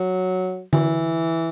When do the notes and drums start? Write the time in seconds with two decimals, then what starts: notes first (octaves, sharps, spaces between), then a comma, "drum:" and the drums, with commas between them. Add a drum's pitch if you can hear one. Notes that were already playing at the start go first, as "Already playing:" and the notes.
Already playing: F#3
0.73 E3, drum: tom D3